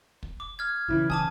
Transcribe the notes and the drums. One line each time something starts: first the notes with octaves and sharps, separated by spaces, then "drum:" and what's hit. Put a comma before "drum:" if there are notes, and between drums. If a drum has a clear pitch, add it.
drum: kick
D6
F6 G#6
B1 C#3 E3 E4
G#5 A5 D6 D#6, drum: kick